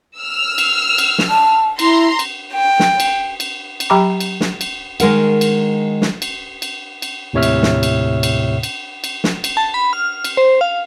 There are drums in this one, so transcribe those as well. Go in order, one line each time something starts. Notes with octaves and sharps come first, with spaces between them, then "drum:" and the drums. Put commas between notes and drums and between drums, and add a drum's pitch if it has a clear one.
E6 F6
drum: cymbal
drum: cymbal
drum: snare
A5
E4 A#5 C6, drum: cymbal
drum: cymbal
G5
drum: snare
drum: cymbal
drum: cymbal
drum: cymbal
F#3 G4 G5 A#5 B5 D6
drum: cymbal
drum: snare
drum: cymbal
D#3 G#3 A#4 F#5, drum: cymbal
drum: cymbal
drum: snare
drum: cymbal
drum: cymbal
drum: cymbal
D#2 A2 C3 C#5 E5 F6
drum: cymbal
drum: snare
drum: cymbal
drum: cymbal
drum: cymbal
drum: cymbal
drum: snare
drum: cymbal
A5
B5
F6
drum: cymbal
C5
F5